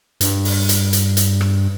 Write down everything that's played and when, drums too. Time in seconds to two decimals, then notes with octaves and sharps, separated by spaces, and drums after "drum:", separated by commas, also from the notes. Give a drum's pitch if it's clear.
0.21 G2, drum: hi-hat
0.45 drum: open hi-hat
0.69 drum: hi-hat
0.93 drum: hi-hat
1.17 drum: hi-hat
1.41 drum: rim click